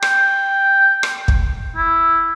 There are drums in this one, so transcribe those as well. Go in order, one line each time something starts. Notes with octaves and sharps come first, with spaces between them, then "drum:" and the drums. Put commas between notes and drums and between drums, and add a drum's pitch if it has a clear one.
G5, drum: rim click
drum: rim click
drum: kick
E4